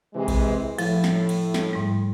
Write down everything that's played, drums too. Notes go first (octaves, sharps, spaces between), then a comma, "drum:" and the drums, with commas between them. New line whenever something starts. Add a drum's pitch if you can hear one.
C3 E3 G#3
drum: kick A#1, cymbal
A2 F3 E4, drum: cymbal
drum: snare
drum: cymbal
drum: snare
G#2 G3